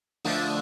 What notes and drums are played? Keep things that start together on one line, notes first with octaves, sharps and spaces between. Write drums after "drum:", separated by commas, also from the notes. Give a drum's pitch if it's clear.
D3 F3 A3 D4 D#6, drum: open hi-hat